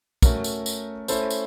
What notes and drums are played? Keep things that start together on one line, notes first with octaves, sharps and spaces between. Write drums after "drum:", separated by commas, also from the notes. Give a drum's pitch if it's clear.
A3 C#4 F#4 A#4, drum: kick, tambourine
drum: tambourine
drum: tambourine
A3 C#4 E4 A4 C5, drum: tambourine
drum: tambourine